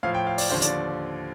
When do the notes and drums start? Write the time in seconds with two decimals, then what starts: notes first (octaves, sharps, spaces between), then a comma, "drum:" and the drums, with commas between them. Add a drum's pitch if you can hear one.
0.03 A2 F3 F5
0.14 G5
0.27 F5
0.38 D5, drum: open hi-hat
0.50 D#2 D3 F3 C5
0.62 D5, drum: hi-hat